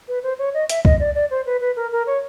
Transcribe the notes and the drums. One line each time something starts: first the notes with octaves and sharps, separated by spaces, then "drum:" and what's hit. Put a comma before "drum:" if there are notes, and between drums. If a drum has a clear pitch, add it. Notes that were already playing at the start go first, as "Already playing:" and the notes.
B4
C5
C#5
D#5
E5, drum: hi-hat
D#5, drum: kick
D5
D5
C5
B4
B4
A#4
A#4
C#5